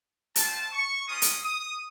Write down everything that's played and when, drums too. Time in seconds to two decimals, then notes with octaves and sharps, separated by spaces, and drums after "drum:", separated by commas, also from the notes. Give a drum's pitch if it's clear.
0.36 A3 C4 F4 A5, drum: hi-hat
0.72 C#6
1.08 A#3 C#4 F4 D#6
1.22 drum: hi-hat
1.44 D#6